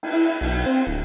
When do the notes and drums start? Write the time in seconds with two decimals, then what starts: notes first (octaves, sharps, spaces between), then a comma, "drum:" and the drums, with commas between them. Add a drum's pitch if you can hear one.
0.03 drum: cymbal
0.13 E4
0.41 B1, drum: cymbal
0.66 C4
0.87 D1